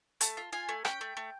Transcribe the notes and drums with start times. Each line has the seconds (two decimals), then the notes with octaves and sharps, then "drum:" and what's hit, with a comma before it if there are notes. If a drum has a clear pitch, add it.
0.21 A3 A5, drum: hi-hat
0.37 F4
0.52 F4 G#5
0.69 A3
0.85 C#4 G5, drum: rim click
1.01 A3
1.17 A3